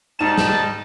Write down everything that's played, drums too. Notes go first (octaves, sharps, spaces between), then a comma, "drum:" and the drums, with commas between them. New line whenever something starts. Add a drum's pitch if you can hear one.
G#2 G3 D#4 A5 E7
drum: snare